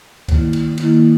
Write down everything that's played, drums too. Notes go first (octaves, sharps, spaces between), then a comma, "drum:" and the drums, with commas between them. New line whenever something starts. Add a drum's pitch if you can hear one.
D#3 A#3 E4, drum: kick C#2, cymbal
drum: cymbal
D#3 A#3 E4, drum: cymbal